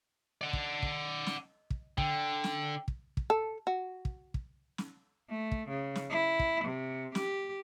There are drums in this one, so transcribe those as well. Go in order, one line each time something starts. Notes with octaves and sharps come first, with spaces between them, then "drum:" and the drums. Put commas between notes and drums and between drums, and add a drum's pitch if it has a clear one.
D5 D#5 F#5
drum: kick
drum: kick
drum: snare
drum: kick
D3 G5, drum: kick
drum: snare
drum: kick
drum: kick
A4
F#4
drum: kick
drum: kick
drum: snare
A3
drum: kick
C#3
drum: snare
E4
drum: kick
C3
G4, drum: snare